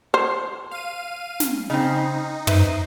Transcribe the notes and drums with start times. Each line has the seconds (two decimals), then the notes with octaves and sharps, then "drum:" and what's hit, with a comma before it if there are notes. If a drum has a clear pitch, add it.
0.14 C5
0.71 F5 D#7
1.40 drum: snare
1.70 C#3 C4 D#4
2.47 B4 C5 E5, drum: tom